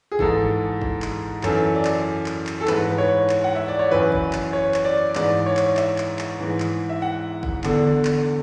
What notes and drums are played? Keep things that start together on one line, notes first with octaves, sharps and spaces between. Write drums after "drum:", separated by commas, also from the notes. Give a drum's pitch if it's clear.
G#4
G#2 E3 A4, drum: kick
drum: kick
drum: clap
F#2 E3 A4, drum: clap
D5
drum: clap
drum: clap
drum: clap
A4
G#2 E3 B4, drum: clap
B4
C#5
drum: clap
F#5
E5
D5
C#5
F#2 E3 B4
drum: kick
drum: clap
C#5
drum: clap
D5
G#2 E3 D5, drum: clap
C#5
drum: clap
E5, drum: clap
drum: clap
drum: clap
G#2 E3
drum: clap
E5
F#5
drum: kick
E2 D3, drum: clap
drum: clap